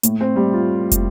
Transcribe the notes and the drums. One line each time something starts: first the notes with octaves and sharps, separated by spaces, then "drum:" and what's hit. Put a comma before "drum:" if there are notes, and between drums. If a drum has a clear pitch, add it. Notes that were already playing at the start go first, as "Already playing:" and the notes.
A2, drum: hi-hat
C4
G3
F4
drum: kick, hi-hat